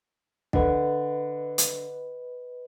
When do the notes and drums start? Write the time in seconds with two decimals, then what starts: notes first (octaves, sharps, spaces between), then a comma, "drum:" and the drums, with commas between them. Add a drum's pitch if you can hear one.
0.53 D3 B4 D#5, drum: kick
1.58 drum: hi-hat